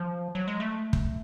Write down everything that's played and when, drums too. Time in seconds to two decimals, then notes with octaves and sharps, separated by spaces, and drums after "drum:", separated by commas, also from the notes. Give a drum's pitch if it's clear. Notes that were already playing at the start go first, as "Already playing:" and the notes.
Already playing: F3
0.35 F#3
0.48 G#3
0.60 A3
0.93 drum: kick